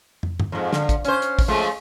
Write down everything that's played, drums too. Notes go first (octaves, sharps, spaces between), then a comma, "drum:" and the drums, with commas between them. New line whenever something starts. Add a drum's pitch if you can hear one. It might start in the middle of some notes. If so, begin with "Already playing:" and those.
drum: tom
drum: tom G2
F2 G#2
D3, drum: snare
drum: kick, hi-hat
C#4 C5, drum: hi-hat
drum: hi-hat
drum: kick, open hi-hat
F3 G#3 A3